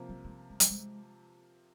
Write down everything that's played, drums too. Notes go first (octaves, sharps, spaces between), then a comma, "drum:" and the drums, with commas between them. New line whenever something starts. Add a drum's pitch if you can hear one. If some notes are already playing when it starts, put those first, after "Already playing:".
Already playing: C3 F3 A#3
F#3
G#3
G#3
F#3, drum: hi-hat
G#3